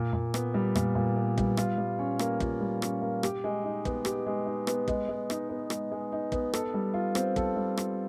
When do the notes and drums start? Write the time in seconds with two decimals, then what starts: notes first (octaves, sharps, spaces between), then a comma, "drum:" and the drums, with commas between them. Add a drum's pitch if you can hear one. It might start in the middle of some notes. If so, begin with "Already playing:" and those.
Already playing: A#2
0.13 A#2
0.34 B3, drum: rim click
0.54 G3
0.75 A#2, drum: rim click
0.95 A#2
1.16 B3
1.38 G3, drum: kick
1.57 F4, drum: rim click
1.78 G3
1.99 C#4
2.19 A#3, drum: rim click
2.40 F4, drum: kick
2.61 G3
2.82 C#4, drum: rim click
3.02 A#3
3.23 G4, drum: rim click
3.44 G#3
3.64 D#4
3.85 B3, drum: kick
4.05 G4, drum: rim click
4.26 G#3
4.46 D#4
4.67 B3, drum: rim click
4.88 G#3, drum: kick
5.09 G#3
5.30 D#4, drum: rim click
5.49 B3
5.70 G#3, drum: rim click
5.92 G#3
6.12 D#4
6.32 B3, drum: kick
6.53 A4, drum: rim click
6.74 G3
6.94 F4
7.15 C4, drum: rim click
7.36 A4, drum: kick
7.56 G3
7.77 F4, drum: rim click